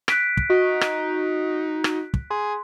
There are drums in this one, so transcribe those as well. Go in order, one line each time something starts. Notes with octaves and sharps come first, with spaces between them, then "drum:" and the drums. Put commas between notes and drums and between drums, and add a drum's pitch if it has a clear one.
F#6 B6 D7, drum: rim click
drum: kick
D#4 F#4
drum: rim click
drum: rim click
drum: kick
G#4 C6